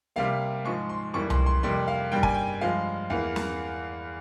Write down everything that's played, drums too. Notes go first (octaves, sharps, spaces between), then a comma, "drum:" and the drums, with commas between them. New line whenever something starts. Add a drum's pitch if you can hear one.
C3 G3 A#3 F5
G#2 F3 G#3 C#6
C6
F2 E3 G3 A#3 C#6
C6, drum: tom C2
C6
F2 C3 G3 A#3 C6
F5
G2 G3 A#3 G5
G#5, drum: kick
G5
G2 F3 G#3 F5
E2 E3 A#3 F5
drum: snare